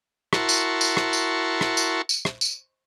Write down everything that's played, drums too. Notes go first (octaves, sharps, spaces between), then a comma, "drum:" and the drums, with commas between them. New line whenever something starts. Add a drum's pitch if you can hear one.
E4 F#4 A#4 A5 C6 C#6, drum: rim click
drum: tambourine
drum: tambourine
drum: rim click
drum: tambourine
drum: rim click
drum: tambourine
drum: tambourine
drum: rim click
drum: tambourine